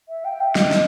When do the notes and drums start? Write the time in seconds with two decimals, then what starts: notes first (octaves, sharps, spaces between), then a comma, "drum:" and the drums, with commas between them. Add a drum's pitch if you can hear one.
0.09 E5
0.24 G5
0.40 E5
0.55 D#5, drum: snare
0.71 drum: snare